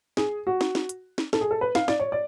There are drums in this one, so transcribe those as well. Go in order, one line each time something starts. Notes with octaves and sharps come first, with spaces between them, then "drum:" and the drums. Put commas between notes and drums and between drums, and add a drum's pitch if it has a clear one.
G#4, drum: snare
F#4
drum: snare
drum: snare
drum: hi-hat
drum: snare
A4, drum: snare
G#4
A4
B4
F5, drum: snare
D5, drum: snare
C#5
D5